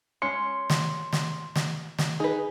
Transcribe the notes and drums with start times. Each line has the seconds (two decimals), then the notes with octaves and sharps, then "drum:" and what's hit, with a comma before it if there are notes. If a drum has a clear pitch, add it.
0.22 G#3 C#4 C6 C#7
0.70 drum: snare
1.13 drum: snare
1.55 drum: snare
1.98 drum: snare
2.20 D#4 G#4 B4